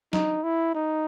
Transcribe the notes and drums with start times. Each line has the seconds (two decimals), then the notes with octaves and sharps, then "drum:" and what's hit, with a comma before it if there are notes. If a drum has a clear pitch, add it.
0.13 D#4, drum: snare
0.43 E4
0.75 D#4